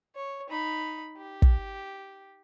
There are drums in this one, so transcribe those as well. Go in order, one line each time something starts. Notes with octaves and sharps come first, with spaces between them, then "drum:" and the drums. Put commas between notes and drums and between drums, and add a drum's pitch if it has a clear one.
C#5
D#4 B5
G4
drum: kick